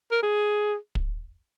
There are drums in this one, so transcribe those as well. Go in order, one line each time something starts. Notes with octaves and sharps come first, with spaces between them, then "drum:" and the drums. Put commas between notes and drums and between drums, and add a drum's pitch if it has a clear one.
A#4
G#4
drum: kick